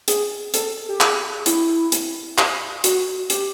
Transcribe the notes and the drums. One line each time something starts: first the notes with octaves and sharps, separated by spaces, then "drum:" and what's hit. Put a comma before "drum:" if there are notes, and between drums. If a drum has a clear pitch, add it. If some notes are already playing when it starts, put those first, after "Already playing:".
G#4, drum: hi-hat
A4, drum: hi-hat
G4
G#4, drum: clap
E4, drum: hi-hat
drum: hi-hat
drum: clap
F#4, drum: hi-hat
G4, drum: hi-hat